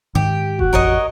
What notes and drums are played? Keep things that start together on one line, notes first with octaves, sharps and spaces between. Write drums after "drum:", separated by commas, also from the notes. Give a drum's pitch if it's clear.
G#2 D#3 G4
F#4, drum: kick F1
A1 F2 A#4 C#5 D#5